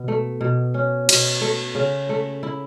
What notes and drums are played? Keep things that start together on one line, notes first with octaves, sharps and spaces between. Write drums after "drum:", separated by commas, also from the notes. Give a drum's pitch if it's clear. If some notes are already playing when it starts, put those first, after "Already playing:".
Already playing: B2
A3
B2
C#4
B2, drum: cymbal
A3
C#3
A3
E4